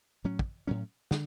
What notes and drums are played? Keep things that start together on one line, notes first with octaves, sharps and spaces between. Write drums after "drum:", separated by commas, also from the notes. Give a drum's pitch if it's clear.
A2 F#3 C#4
drum: kick
A2 F#3 C#4
D3, drum: snare